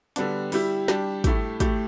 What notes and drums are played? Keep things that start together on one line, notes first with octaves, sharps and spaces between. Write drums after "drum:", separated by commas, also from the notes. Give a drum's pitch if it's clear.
D3 G3 B3 D4, drum: hi-hat
G3 E4 G4, drum: open hi-hat
G3 D4 G4, drum: snare
A2 A3 E4 G4, drum: kick, hi-hat
A2 A3 G4, drum: kick, hi-hat